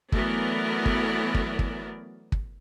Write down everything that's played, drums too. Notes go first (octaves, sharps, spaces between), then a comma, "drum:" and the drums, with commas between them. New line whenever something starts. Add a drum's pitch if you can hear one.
E3 F#3 A3 B3 A#4 D5, drum: kick
drum: kick
drum: kick
drum: kick
drum: kick